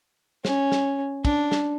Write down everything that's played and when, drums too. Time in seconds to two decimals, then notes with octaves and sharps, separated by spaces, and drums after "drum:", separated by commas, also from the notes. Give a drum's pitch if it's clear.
0.45 C#4, drum: snare
0.72 drum: snare
1.25 D4, drum: kick, cymbal
1.52 drum: snare